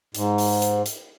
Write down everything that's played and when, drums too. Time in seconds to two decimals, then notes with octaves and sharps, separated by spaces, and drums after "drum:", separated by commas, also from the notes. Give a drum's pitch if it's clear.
0.15 G#2, drum: hi-hat
0.38 drum: open hi-hat
0.62 drum: hi-hat
0.86 drum: hi-hat